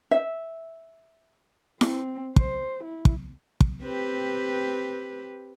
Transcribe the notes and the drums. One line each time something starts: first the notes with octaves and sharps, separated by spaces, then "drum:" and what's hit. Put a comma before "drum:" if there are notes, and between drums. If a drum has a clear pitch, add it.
E5
C4, drum: snare E4
C5, drum: kick
E4
drum: kick
drum: kick
C4 G4 B4